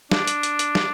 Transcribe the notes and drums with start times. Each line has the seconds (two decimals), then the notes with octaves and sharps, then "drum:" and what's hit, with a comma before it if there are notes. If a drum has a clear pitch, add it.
0.11 D4, drum: snare
0.27 drum: hi-hat
0.43 drum: hi-hat
0.59 drum: hi-hat
0.75 drum: snare